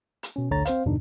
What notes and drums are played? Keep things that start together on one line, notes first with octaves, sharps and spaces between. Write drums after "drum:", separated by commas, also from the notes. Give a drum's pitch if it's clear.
drum: hi-hat
B2 C#4
A1 D2 D3 C#5 A#5 A6
C4 C5 F5, drum: hi-hat
E2 G2 B2 D3 D4 D#4